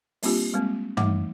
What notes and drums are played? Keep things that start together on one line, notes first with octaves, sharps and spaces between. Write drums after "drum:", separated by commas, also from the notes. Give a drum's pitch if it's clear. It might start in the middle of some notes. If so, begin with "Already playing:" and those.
G3 A#3 C4 D4 F4 G4, drum: open hi-hat
G3 G#3 A#3 C4
E3 G3 A3 D#4 F#5 D6, drum: tom